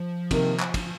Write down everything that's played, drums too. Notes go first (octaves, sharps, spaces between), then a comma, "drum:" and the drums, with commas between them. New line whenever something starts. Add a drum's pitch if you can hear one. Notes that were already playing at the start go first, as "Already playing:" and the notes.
Already playing: F3
C3 D#3 A#3, drum: kick, cymbal
drum: clap
drum: kick, cymbal